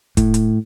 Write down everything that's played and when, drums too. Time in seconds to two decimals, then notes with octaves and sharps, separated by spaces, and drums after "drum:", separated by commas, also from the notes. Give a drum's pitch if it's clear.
0.17 A2, drum: kick, hi-hat
0.34 drum: hi-hat